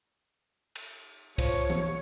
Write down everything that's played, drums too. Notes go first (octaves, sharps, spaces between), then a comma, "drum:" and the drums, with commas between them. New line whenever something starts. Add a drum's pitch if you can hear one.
drum: cymbal
F3 C#5, drum: kick, cymbal
drum: tom E3